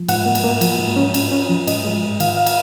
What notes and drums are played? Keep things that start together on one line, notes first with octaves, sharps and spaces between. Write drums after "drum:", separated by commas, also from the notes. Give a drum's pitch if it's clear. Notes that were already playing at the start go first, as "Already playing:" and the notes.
Already playing: F3
G#2 F#5, drum: cymbal
A#3
drum: cymbal
A#3
F3, drum: cymbal
G#2
C#4
C#4, drum: cymbal
C#4
F3
G#2 D#5, drum: cymbal
G#3
G#2
D#3 F5, drum: cymbal
F#5
F5
drum: cymbal